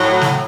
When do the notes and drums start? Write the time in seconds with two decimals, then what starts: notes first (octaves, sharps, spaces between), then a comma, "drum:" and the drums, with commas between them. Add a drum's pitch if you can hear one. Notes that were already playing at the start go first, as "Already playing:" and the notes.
Already playing: A2 F#3
0.21 drum: snare